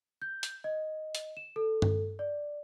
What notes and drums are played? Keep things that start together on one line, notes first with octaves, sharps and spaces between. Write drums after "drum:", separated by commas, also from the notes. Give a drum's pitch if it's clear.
G6
drum: hi-hat
D#5
drum: hi-hat
E7
A4
drum: tom G2
D5